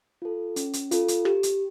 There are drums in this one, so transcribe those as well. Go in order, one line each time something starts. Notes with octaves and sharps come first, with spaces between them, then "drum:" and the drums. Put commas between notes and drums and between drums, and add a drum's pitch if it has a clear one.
F4 A4
C#4, drum: hi-hat
drum: hi-hat
F4 A4, drum: hi-hat
drum: hi-hat
G4, drum: rim click
drum: hi-hat